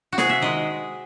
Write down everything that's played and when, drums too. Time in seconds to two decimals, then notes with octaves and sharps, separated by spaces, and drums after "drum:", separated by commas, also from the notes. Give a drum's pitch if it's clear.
0.12 F#4
0.18 C3 G#4, drum: snare
0.29 E5
0.42 D#3 G#3 D#5